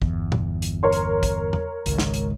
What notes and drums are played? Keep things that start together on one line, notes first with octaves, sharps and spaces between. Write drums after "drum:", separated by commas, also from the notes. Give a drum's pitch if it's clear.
G1 E2, drum: kick
drum: tom
drum: hi-hat
A#4 C#5 C6
drum: hi-hat
drum: kick, hi-hat
drum: tom E2
G#1 C#2 G#2, drum: hi-hat
drum: snare
drum: hi-hat